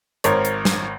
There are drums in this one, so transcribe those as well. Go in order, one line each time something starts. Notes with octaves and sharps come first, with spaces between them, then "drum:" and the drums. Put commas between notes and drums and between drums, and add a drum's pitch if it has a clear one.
G#1 A#4 C5 C#5, drum: hi-hat
drum: hi-hat
drum: snare